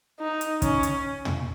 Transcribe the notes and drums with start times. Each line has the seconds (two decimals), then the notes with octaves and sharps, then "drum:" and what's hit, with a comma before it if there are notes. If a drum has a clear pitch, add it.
0.20 D#4
0.41 drum: hi-hat
0.62 C#4, drum: kick, hi-hat
0.83 drum: hi-hat
1.25 drum: tom